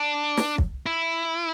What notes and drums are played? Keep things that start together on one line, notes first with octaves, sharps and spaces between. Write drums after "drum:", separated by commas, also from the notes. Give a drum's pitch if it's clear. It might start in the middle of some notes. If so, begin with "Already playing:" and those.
Already playing: D4
drum: snare
drum: kick
E4